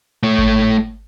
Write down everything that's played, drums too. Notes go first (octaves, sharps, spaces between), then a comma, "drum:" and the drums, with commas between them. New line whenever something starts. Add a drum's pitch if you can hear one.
A3 C#5
drum: kick G#1